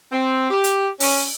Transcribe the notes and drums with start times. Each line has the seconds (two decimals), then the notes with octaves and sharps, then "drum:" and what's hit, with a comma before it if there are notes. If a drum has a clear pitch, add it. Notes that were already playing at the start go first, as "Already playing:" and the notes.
0.12 C4
0.50 G4
0.64 drum: hi-hat
1.00 C#4, drum: open hi-hat